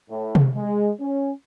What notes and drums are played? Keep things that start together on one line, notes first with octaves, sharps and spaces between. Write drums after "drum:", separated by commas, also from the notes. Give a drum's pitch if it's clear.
A2
drum: tom C3
G#3
C#4